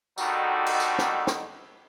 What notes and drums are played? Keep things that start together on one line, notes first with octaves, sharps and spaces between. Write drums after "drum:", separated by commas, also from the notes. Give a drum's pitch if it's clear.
D3 D#3 G3 A3 D#4 F#4, drum: tambourine
drum: cymbal
drum: tambourine
drum: snare
drum: snare